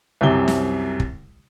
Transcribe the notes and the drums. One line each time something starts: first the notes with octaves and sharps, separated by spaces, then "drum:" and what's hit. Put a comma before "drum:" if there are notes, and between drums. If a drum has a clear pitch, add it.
C2 F#2 C3 G7
drum: snare
drum: kick